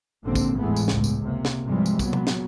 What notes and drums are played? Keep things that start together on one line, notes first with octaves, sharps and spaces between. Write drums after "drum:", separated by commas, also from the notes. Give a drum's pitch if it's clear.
G#1 D#2 A#2 D3 C4
drum: kick, tambourine
E2 A2 E3 G#3 A3 B3
drum: tambourine
G1 C#2 A2, drum: snare
drum: tambourine
C3 A#3
drum: snare
G#2 C3 E3 F3 G3 G#3
drum: tambourine
A#2 F#3 B3, drum: kick, tambourine
drum: tom C3
drum: snare